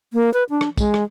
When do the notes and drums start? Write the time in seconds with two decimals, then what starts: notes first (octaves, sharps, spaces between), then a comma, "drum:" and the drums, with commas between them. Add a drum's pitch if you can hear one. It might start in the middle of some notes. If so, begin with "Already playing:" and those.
0.13 A#3
0.34 B4
0.50 D4
0.61 drum: rim click
0.77 G#3, drum: kick, tambourine
0.94 drum: rim click